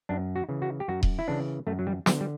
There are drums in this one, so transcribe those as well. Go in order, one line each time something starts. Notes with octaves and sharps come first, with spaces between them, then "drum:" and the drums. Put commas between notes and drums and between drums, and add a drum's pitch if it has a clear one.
F#2 D4
F#4
C#3 E3
F#4
G4
F#2 F#4
drum: kick D#1
E4
C#3 E3 D4
F#2 A3
F#3
G3
D3 G3, drum: snare
G3